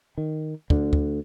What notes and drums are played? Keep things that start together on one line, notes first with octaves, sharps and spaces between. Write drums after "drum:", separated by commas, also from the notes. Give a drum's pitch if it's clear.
D#3
D2 D3, drum: kick
drum: kick